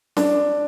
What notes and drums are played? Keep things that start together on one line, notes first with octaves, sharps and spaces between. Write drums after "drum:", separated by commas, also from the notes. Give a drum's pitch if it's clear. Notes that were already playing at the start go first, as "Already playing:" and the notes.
D4, drum: snare C#4